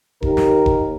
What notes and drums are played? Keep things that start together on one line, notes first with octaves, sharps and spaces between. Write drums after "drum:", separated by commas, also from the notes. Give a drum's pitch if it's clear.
D#2 A#4, drum: kick E1
drum: snare
drum: kick E1